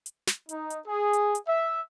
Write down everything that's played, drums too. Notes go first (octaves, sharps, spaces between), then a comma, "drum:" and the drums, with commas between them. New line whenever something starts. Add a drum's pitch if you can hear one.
drum: hi-hat
drum: snare
D#4, drum: hi-hat
drum: hi-hat
G#4
drum: hi-hat
drum: hi-hat
E5